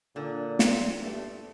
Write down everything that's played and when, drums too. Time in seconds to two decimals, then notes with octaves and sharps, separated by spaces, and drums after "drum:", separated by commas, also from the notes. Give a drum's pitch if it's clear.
0.16 A#2 D3
0.59 C4, drum: snare
1.03 G2 A3